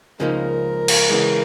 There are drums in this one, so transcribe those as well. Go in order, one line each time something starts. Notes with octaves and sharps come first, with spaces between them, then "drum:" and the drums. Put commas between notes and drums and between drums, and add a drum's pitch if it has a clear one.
C#2 C#3 F3 A#3 D#4 A#4
drum: cymbal
C#3 E3 G#3